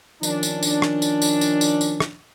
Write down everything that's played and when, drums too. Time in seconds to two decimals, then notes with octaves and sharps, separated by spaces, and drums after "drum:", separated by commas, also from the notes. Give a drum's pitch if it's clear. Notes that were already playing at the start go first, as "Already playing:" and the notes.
0.23 D#3 F3 C#4 D4, drum: tambourine
0.43 drum: tambourine
0.63 drum: tambourine
0.82 drum: rim click
1.02 drum: tambourine
1.22 drum: tambourine
1.41 drum: tambourine
1.61 drum: tambourine
1.81 drum: tambourine
2.00 drum: rim click